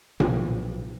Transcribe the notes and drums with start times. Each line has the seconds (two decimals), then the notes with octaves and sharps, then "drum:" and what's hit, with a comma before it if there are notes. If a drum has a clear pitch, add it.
0.20 B1 B2 F3, drum: tom A#2